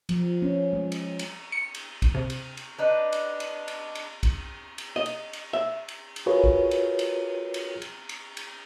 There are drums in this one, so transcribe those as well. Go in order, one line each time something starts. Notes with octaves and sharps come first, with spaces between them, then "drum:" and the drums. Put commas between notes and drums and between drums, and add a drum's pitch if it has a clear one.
F3, drum: cymbal
C#4
G#3
drum: cymbal
drum: cymbal
C#7
drum: cymbal
drum: kick, cymbal
C3
drum: cymbal
drum: cymbal
D4 D#4 B4
drum: cymbal
drum: cymbal
drum: cymbal
drum: cymbal
drum: kick, cymbal
drum: cymbal
D#5
drum: cymbal
drum: cymbal
E5
drum: cymbal
drum: cymbal
F4 F#4 G#4 A#4 B4 C#5
drum: kick
drum: cymbal
drum: cymbal
drum: cymbal
drum: cymbal
drum: cymbal
drum: cymbal